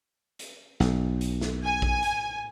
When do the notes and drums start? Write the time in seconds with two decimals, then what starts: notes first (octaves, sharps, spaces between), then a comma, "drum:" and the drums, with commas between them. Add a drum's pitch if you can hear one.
0.39 drum: hi-hat
0.80 B1, drum: snare
1.21 drum: hi-hat
1.41 drum: snare
1.65 G#5
1.82 drum: kick A#1
2.03 drum: hi-hat